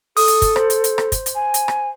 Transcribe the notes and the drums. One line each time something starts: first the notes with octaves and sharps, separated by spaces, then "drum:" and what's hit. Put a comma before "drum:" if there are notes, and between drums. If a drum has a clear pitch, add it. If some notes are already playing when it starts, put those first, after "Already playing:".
A4 D#6, drum: open hi-hat
drum: hi-hat
drum: kick, hi-hat
C5, drum: rim click
drum: hi-hat
drum: hi-hat
drum: rim click
drum: kick, hi-hat
drum: hi-hat
G#5
drum: hi-hat
drum: rim click